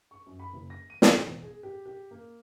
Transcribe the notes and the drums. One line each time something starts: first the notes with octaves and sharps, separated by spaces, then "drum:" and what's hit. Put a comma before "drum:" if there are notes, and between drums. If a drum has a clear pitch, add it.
C#6
F#2
B5
F#1
A#6
D#7
A2, drum: snare
E1
G#4
G4
G4
A#3